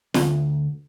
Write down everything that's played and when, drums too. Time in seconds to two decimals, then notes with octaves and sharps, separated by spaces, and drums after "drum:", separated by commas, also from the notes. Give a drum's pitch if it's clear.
0.14 D2, drum: snare